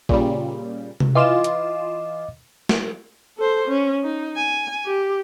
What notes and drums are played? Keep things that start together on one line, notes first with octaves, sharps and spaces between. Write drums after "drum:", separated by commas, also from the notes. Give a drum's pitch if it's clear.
A#2 C#3 G3, drum: kick A1
drum: tom C3
E3 F4 D#5 D6 E7
drum: hi-hat
drum: snare
A4 C5
C#4
D#4
G#5
G4